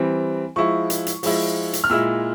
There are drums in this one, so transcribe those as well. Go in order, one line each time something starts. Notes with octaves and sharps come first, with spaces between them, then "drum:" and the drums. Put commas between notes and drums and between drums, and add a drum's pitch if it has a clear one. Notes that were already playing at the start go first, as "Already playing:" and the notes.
Already playing: E3 G3 C4
F3 G#3 E4 C#6
drum: hi-hat
drum: hi-hat
F3 G#3 E4, drum: open hi-hat
drum: hi-hat
F6
A#2 G#3 E4 E6